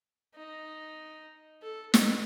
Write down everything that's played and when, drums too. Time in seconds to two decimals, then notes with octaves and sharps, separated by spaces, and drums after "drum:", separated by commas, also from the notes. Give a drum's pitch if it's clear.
0.35 D#4
1.62 A4
1.94 B4, drum: snare